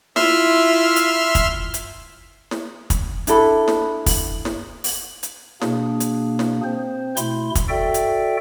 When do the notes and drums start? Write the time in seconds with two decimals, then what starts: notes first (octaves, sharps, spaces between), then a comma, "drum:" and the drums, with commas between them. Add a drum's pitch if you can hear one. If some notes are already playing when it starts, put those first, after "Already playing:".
0.16 E4 F4 E5 C6 F6, drum: snare
0.96 drum: hi-hat
1.35 drum: kick, hi-hat
1.74 drum: hi-hat
2.51 drum: snare
2.90 drum: kick, hi-hat
3.27 D4 E4 A4 B5, drum: hi-hat
3.68 drum: snare
4.06 drum: kick, open hi-hat
4.45 drum: snare
4.84 drum: open hi-hat
5.23 drum: hi-hat
5.61 B2 A#3 D4 G#4, drum: snare
6.00 drum: hi-hat
6.39 drum: snare
6.64 C4 C5
7.17 B2 A3 E4 C6, drum: hi-hat
7.55 drum: kick, hi-hat
7.69 F#4 A4 D5 E5 G5
7.94 drum: hi-hat